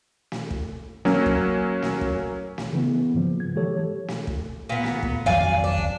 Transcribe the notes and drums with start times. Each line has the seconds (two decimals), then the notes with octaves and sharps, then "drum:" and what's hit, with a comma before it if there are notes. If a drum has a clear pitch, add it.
0.32 drum: snare
0.51 drum: kick
1.05 F#3 A#3 C#4, drum: snare
1.26 drum: kick
1.82 drum: snare
2.01 drum: kick
2.58 drum: snare
2.73 C#3 E3 B3
3.14 G#2 C#3 F3 A#3
3.40 G#6
3.56 E3 F3 G#3 G4 A4 C#5
4.08 drum: snare
4.27 drum: kick
4.69 A#2 B3
4.84 drum: snare
5.03 drum: kick
5.26 G#1 F2 F#3 D5 F5 G#5
5.64 D4
5.78 drum: kick